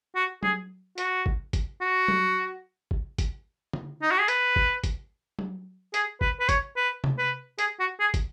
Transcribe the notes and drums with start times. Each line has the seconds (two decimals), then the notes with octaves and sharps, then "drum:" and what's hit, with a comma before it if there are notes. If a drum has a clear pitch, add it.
0.15 F#4
0.43 G#4, drum: tom F#3
0.98 F#4, drum: hi-hat
1.26 drum: kick
1.53 drum: kick, hi-hat
1.81 F#4
2.08 drum: tom F#3
2.91 drum: kick
3.18 drum: kick, hi-hat
3.73 drum: tom D3
4.02 D#4
4.11 F#4
4.19 G#4
4.28 B4, drum: hi-hat
4.56 drum: kick
4.84 drum: kick, hi-hat
5.39 drum: tom F#3
5.94 G#4, drum: hi-hat
6.21 B4, drum: kick
6.40 B4
6.49 C#5, drum: kick, hi-hat
6.76 B4
7.04 drum: tom
7.18 B4
7.59 G#4, drum: hi-hat
7.79 F#4
8.00 G#4
8.14 drum: kick, hi-hat